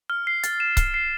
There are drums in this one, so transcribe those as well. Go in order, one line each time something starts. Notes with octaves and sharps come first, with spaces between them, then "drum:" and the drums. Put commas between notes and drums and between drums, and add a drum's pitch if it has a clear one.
F6
C7
A6, drum: hi-hat
E7
F6, drum: kick C#1, hi-hat
C7